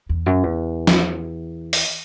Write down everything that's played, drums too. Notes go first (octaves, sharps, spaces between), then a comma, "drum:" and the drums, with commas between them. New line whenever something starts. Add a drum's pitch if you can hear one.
E2
F#2
E2
drum: snare
drum: open hi-hat